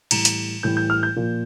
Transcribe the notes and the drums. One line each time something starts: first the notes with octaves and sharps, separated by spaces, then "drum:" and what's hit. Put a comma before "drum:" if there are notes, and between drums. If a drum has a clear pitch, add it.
A2 E3 G3 A#5, drum: cymbal
drum: hi-hat
A2 E3 G3 G6
G6
F6
G6
A#2 F3